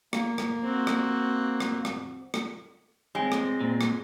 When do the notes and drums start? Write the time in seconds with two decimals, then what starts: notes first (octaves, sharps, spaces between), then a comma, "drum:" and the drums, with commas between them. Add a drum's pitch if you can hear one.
0.13 A#3, drum: rim click
0.38 drum: rim click
0.63 C4 F#4
0.87 drum: rim click
1.60 drum: rim click
1.85 drum: rim click
2.34 drum: rim click
3.15 G#3 C4 C#5 G#5
3.32 drum: rim click
3.61 A#2
3.81 drum: rim click